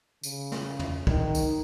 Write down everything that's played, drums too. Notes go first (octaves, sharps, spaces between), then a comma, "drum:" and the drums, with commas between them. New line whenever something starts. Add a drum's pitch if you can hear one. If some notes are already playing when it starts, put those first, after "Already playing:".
C#3, drum: tambourine
drum: snare
drum: tom
D#3, drum: kick
drum: tambourine